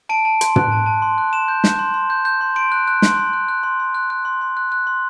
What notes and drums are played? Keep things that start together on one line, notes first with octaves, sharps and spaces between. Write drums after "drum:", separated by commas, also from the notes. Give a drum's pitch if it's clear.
A5 D7
A5
C6, drum: hi-hat
F#6, drum: tom
A5
A5
C6
F#6
C6 E7
G6
G6, drum: snare
C6
C6
G6
G6
C6
C6 D7
F#6
F#6
C6, drum: snare
C6
F#6
F#6
C6
C6
F#6
F#6
C6
C6
F#6
F#6
C6